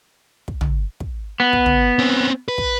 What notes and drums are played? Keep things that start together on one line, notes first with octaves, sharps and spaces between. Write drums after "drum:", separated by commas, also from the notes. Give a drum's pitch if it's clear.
drum: kick
drum: tom
drum: kick
B3
drum: kick
drum: tom
C4 C#4
B4
drum: kick